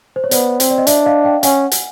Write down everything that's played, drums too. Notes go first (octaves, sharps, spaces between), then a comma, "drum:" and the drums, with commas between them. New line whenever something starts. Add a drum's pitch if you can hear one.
C5
C#5
B3 C5 D5, drum: hi-hat
C4, drum: hi-hat
D5
D#5
D4 D5 E5, drum: hi-hat
D#5 F5
F5 G5
C#4 F#5 G#5, drum: hi-hat
drum: hi-hat